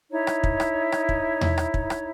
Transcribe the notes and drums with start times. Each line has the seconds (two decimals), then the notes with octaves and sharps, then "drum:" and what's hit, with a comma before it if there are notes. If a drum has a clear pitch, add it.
0.11 D#4 E4 C#5
0.27 drum: rim click
0.43 drum: kick
0.60 drum: rim click
0.92 drum: rim click
1.09 drum: kick
1.41 drum: tom E2
1.58 drum: rim click
1.74 drum: kick
1.90 drum: rim click